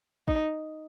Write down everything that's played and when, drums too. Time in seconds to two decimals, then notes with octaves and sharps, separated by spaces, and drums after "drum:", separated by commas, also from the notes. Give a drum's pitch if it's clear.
0.28 D#4, drum: kick